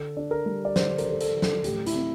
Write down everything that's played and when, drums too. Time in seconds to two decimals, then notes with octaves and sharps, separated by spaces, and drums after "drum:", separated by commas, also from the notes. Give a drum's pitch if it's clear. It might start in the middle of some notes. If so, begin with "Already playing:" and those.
Already playing: D3 A4
0.17 D4
0.31 A#4
0.46 G3
0.65 D5
0.76 D3 C5, drum: snare
0.98 A#4, drum: hi-hat
1.05 D3 C5
1.12 A#4
1.21 A4, drum: hi-hat
1.35 D3
1.42 A4, drum: snare
1.64 A2 G4, drum: hi-hat
1.86 E4, drum: hi-hat
1.94 C4